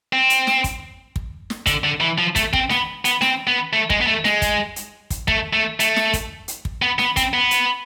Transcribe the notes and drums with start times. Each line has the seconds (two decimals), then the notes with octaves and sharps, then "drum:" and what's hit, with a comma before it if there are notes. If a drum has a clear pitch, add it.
0.13 C4
0.30 drum: hi-hat
0.47 drum: snare
0.64 drum: kick, hi-hat
1.16 drum: kick
1.50 drum: snare
1.67 D3, drum: kick, hi-hat
1.84 D3
2.01 E3
2.18 F3
2.36 A3, drum: kick, hi-hat
2.53 C4, drum: kick
2.70 B3, drum: snare
3.05 B3, drum: hi-hat
3.21 C4, drum: snare
3.47 B3
3.73 A3
3.90 G#3, drum: kick
4.01 B3
4.07 A3
4.25 G#3, drum: snare
4.42 drum: kick, hi-hat
4.76 drum: hi-hat
5.10 drum: kick, hi-hat
5.28 A3, drum: kick
5.53 A3
5.80 A3, drum: hi-hat
5.96 drum: snare
6.13 drum: kick, hi-hat
6.48 drum: hi-hat
6.65 drum: kick
6.82 B3
6.99 B3, drum: snare
7.17 C4, drum: kick, hi-hat
7.34 B3
7.51 drum: hi-hat